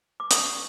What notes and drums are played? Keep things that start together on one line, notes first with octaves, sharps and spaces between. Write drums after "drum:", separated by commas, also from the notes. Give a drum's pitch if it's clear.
D6
C#6 D#6, drum: hi-hat